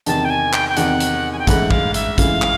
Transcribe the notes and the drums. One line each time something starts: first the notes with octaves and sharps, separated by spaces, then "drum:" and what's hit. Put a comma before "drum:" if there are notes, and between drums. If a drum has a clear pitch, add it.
E2 C3 D#3 A5, drum: hi-hat
G5
G#5
G5, drum: clap
G5
E2 C3 D#3 F#5, drum: hi-hat
drum: hi-hat
G#5
G5
G#2 E3 A3 C#4 E4 F#5, drum: kick A1, hi-hat
F5, drum: kick A1
E5, drum: hi-hat
G#2 E3 A3 C#4 E4 F5, drum: kick A1, hi-hat
drum: clap